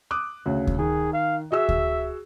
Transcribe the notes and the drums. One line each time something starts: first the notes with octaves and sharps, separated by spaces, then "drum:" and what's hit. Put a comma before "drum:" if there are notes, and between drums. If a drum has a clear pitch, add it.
D6 D#6 F#6
D2 C#3
drum: kick D2
D#3 G#4
F5
F#4 G#4 E5 E6
drum: kick D2